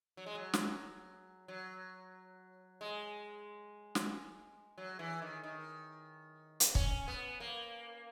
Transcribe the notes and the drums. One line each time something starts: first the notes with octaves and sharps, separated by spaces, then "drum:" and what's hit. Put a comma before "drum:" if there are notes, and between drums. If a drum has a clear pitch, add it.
F#3
G#3
F#3
drum: snare
F#3
G#3
drum: snare
F#3
E3
D#3
D#3
drum: hi-hat
C#4, drum: kick
B3
A#3